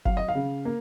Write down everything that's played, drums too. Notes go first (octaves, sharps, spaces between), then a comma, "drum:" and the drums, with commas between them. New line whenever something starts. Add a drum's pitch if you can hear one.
F#3 F5, drum: kick F#1
D#5
F5
C#3
A#3